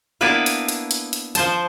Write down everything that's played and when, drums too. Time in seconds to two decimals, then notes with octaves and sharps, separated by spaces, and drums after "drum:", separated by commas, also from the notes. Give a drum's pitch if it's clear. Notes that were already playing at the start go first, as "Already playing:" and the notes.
0.21 A#3 B3 D4 E4 B4 F5
0.46 drum: hi-hat
0.69 drum: hi-hat
0.91 drum: hi-hat
1.13 drum: hi-hat
1.35 F3 C5 A5, drum: hi-hat